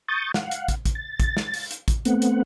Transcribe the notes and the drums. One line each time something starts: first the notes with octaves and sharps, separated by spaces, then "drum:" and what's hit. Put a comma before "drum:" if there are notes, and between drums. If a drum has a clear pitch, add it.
C#6 D#6 G6 A6
F5 F#5, drum: snare
drum: hi-hat
drum: kick, hi-hat
drum: kick, hi-hat
A6
drum: kick, hi-hat
drum: snare
drum: open hi-hat
drum: hi-hat
drum: kick, hi-hat
A3 B3 C4 F#5, drum: hi-hat
drum: hi-hat